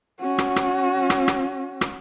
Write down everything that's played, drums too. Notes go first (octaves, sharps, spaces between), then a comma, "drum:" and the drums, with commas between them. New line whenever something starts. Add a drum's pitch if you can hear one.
C#4 F#4
drum: rim click
drum: rim click
drum: rim click
drum: rim click
drum: rim click